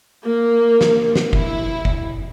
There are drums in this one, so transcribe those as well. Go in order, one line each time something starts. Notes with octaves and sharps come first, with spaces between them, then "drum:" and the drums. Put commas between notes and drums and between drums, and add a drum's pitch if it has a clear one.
A#3
drum: snare
drum: snare
E4, drum: kick F1
drum: kick F1